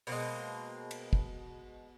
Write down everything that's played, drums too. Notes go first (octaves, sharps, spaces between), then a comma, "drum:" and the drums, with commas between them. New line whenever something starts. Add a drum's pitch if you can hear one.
B2 G#3 A#3 C4, drum: open hi-hat
drum: cymbal
drum: kick